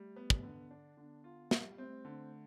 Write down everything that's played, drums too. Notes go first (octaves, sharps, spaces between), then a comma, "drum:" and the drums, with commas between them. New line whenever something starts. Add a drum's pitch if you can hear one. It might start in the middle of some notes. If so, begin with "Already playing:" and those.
Already playing: G3 A3
B3
drum: kick
D3
D4
D3 B3
F4
G3, drum: snare
A3 C4
D3